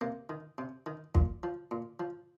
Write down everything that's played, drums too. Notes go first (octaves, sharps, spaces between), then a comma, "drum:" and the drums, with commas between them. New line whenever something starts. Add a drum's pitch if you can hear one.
C3 A#3
D#3
C3
D#3
A#2, drum: kick
F3
A#2
F3